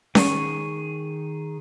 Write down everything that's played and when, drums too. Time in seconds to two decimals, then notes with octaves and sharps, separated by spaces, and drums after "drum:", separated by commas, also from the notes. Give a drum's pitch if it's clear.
0.15 D#3 G#4 C#6, drum: snare C#4